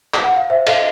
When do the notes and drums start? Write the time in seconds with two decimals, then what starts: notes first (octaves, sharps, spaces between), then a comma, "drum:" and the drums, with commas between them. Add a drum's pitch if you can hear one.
0.14 drum: clap
0.24 F#5
0.36 F5
0.50 C5 E5
0.67 A4 D#5 F5, drum: cymbal